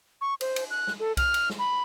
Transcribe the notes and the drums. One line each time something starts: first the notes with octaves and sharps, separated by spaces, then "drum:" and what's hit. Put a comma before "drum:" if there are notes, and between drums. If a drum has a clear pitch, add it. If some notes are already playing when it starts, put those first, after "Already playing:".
C#6
C5, drum: cymbal
drum: cymbal
F#6
drum: snare
A4
F6, drum: kick C2, cymbal
drum: cymbal
drum: snare
B5